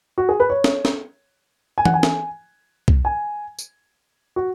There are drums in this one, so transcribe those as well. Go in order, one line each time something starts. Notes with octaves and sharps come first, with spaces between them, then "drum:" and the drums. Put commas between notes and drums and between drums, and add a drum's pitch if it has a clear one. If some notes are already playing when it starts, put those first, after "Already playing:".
F#4
G#4
B4
C#5
drum: snare
drum: snare
G#5
F#5, drum: tom E3
G#5
drum: snare
drum: kick
G#5
drum: tambourine
F#4